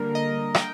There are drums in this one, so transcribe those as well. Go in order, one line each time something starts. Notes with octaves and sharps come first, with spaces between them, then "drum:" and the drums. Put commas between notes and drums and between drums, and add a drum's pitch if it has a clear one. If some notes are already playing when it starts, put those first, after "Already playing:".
Already playing: D3 G3 A#3 A#4
D#5
G5, drum: rim click